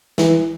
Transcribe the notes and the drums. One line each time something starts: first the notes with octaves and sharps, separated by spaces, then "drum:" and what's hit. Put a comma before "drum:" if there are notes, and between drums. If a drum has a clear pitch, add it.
E3, drum: snare